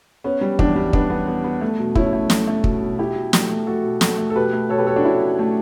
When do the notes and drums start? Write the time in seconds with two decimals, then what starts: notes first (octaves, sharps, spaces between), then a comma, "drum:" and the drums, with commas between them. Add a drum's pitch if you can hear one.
0.24 B3 C#4
0.41 G3
0.59 E2 D4, drum: kick
0.76 G3
0.93 B3 D4, drum: kick
1.10 B3
1.27 B3
1.44 B3
1.61 A3
1.79 B2
1.95 A3 C#4 E4, drum: kick
2.13 A3
2.30 A3, drum: snare
2.47 A3
2.64 B2, drum: kick
2.82 B2
2.99 B2 E4 G4
3.16 B2
3.33 A3, drum: snare
3.50 A3
3.67 A3 F#4 A4
3.84 B2
4.01 B2 F#4 A4, drum: snare
4.18 A3
4.30 A4
4.35 B2 G4 B4
4.53 A3
4.69 B2 A4 C#5
4.78 G4 B4
4.87 B2 A4 C#5
4.96 D4 F#4
5.04 B2 C#4 E4
5.21 B2
5.39 A3